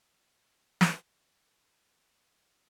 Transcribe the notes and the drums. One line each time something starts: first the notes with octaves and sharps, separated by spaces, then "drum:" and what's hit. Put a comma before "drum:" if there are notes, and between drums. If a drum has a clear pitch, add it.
drum: snare
E2
B4
A#3
F4
A#4
A3
E4